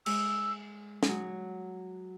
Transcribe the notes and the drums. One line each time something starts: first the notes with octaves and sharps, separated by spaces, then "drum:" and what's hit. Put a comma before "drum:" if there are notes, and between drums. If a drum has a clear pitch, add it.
G#3 E6, drum: cymbal
G#3, drum: snare
F#3